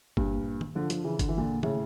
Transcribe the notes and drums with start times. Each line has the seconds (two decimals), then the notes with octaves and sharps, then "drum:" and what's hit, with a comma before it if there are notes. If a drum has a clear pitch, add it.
0.17 G2 A#2, drum: kick G1
0.61 drum: tom
0.75 D3 F3
0.90 D3 F3, drum: hi-hat
1.04 C#3 E3
1.19 D3, drum: kick G1, hi-hat
1.29 E3
1.38 A#2 D3
1.63 A2 C#3, drum: tom